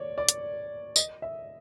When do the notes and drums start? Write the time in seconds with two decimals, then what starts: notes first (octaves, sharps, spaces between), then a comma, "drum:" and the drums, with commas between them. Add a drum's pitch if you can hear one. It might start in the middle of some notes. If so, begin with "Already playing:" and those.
Already playing: C#5 D5
0.18 D5
0.29 drum: hi-hat
0.96 D#5, drum: tambourine
1.22 E5